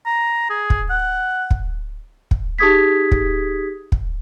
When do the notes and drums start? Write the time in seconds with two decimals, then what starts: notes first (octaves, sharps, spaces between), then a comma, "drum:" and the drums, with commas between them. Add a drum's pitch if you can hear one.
0.06 A#5
0.50 G#4
0.70 drum: kick
0.90 F#5
1.51 drum: kick
2.31 drum: kick
2.58 D#4 G4 G#4 D#6 G#6 B6
3.12 drum: kick
3.92 drum: kick